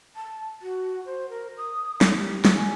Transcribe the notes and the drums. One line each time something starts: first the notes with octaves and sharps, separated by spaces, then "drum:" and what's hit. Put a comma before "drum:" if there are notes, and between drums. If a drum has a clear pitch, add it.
A5
F#4
C5
A#4
D#6
drum: snare
G4
drum: snare
G#5